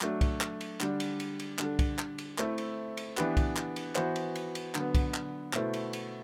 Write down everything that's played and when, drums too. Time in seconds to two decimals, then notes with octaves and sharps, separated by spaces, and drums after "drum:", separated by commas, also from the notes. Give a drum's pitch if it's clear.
0.01 F#3 A3 D4, drum: clap
0.21 drum: kick C2, cymbal
0.41 drum: clap
0.61 drum: cymbal
0.81 D3 G3 D4, drum: clap
1.00 drum: cymbal
1.20 drum: cymbal
1.39 drum: cymbal
1.59 D3 G3 D4 A4, drum: clap
1.79 drum: kick C2, cymbal
1.99 drum: clap
2.18 drum: cymbal
2.38 A3 C4 E4 A4, drum: clap
2.58 drum: cymbal
2.97 drum: cymbal
3.17 E3 B3 D4 G4 B4, drum: clap
3.37 drum: kick C2, cymbal
3.56 drum: clap
3.76 drum: cymbal
3.95 E3 B3 F#4 C5, drum: clap
4.16 drum: cymbal
4.35 drum: cymbal
4.55 drum: cymbal
4.75 D3 F#3 B3, drum: clap
4.95 drum: kick C2, cymbal
5.14 drum: clap
5.53 B2 A3 E4 A4 C5, drum: clap
5.73 drum: cymbal
5.93 drum: cymbal